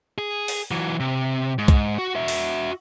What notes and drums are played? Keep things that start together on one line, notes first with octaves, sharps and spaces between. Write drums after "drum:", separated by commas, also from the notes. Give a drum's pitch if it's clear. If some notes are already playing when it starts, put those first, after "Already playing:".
G#4
drum: open hi-hat
E3 F#3
C3
G#2
drum: kick C2, hi-hat
F#4
F#4 E5
drum: open hi-hat